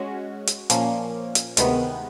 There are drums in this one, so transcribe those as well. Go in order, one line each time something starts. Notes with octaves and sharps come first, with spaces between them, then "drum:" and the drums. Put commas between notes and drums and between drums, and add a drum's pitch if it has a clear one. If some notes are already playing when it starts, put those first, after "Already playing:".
Already playing: G#3 C#4 F#4
drum: hi-hat
A#2 F3 A#3 C#4, drum: hi-hat
drum: hi-hat
D2 C3 D#3 G#3 B3, drum: hi-hat